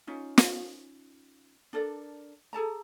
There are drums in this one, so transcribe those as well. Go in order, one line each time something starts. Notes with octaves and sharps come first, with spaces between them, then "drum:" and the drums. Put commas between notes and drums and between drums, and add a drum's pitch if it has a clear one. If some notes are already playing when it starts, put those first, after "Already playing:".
C#4 D#4 F4
drum: snare
D4 A4 A#4 D5
G#4 A4 A5 A#5